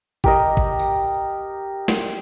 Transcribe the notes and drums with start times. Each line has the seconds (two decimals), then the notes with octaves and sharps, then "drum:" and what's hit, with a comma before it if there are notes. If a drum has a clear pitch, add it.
0.24 G4 A#4 D#5, drum: kick G#1
0.57 drum: kick G#1
0.79 drum: tambourine
1.88 drum: snare